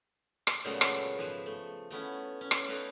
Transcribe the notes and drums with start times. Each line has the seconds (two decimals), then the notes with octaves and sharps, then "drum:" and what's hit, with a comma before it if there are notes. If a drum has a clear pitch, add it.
0.47 drum: rim click
0.65 A#2 C#3 F#3 G#3 A3 B3
0.81 drum: rim click
1.18 G#2 F3 G#4 B4 E5 G#5
1.46 A3
1.91 A3 B3 C#4 E4
2.41 C#4
2.51 drum: rim click
2.68 D#4 E4 A4 B4 D5 F5